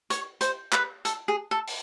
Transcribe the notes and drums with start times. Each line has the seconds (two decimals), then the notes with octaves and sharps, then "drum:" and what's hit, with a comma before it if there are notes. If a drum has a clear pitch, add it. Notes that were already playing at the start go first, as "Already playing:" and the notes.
0.10 C#5, drum: hi-hat
0.41 C5, drum: hi-hat
0.73 B4, drum: clap
1.05 A4, drum: hi-hat
1.28 G#4
1.51 A4
1.67 drum: open hi-hat